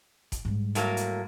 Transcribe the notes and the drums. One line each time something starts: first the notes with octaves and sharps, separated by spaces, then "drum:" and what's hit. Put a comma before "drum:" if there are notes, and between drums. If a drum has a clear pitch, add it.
drum: kick F1, hi-hat
G#2 G3
A2 F#3 A#3, drum: hi-hat
drum: hi-hat